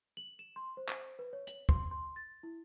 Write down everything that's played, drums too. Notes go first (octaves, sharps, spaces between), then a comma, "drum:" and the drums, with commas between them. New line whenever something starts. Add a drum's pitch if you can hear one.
F#7
E7
C6
C5
drum: clap
B4
C#5
F#7, drum: hi-hat
C6, drum: kick
C6
A6
E4